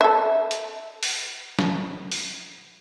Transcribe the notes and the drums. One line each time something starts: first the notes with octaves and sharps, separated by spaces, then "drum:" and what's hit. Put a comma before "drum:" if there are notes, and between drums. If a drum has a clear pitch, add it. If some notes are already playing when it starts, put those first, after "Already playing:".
A4 E5
drum: hi-hat
drum: open hi-hat
drum: snare
drum: open hi-hat